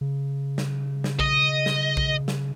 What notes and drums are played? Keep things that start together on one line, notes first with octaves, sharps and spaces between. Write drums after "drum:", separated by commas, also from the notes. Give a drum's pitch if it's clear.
C#3
drum: snare
drum: snare
D#5, drum: kick A#1
drum: snare
drum: kick A#1
drum: snare